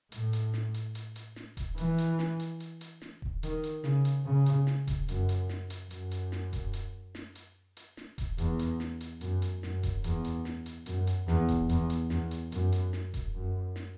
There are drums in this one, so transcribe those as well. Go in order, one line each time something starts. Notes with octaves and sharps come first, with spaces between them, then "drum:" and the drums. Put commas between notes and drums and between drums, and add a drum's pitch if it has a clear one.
A2, drum: hi-hat
drum: hi-hat
drum: snare
drum: hi-hat
drum: hi-hat
drum: hi-hat
drum: snare
drum: kick D#1, hi-hat
E3, drum: hi-hat
drum: hi-hat
drum: snare
drum: hi-hat
drum: hi-hat
drum: hi-hat
drum: snare
drum: kick D#1
D#3, drum: hi-hat
drum: hi-hat
C#3, drum: snare
drum: hi-hat
C#3
drum: hi-hat
drum: snare
drum: kick D#1, hi-hat
F#2, drum: hi-hat
drum: hi-hat
drum: snare
drum: hi-hat
F#2, drum: hi-hat
drum: hi-hat
drum: snare
drum: kick D#1, hi-hat
drum: hi-hat
drum: snare
drum: hi-hat
drum: hi-hat
drum: snare
drum: kick D#1, hi-hat
E2, drum: hi-hat
drum: hi-hat
drum: snare
drum: hi-hat
F#2, drum: hi-hat
drum: hi-hat
F#2, drum: snare
drum: kick D#1, hi-hat
E2, drum: hi-hat
drum: hi-hat
drum: snare
drum: hi-hat
F#2, drum: hi-hat
drum: hi-hat
E2, drum: snare
drum: kick D#1, hi-hat
E2, drum: hi-hat
drum: hi-hat
E2, drum: snare
drum: hi-hat
F#2, drum: hi-hat
drum: hi-hat
drum: snare
drum: kick D#1, hi-hat
F#2
drum: snare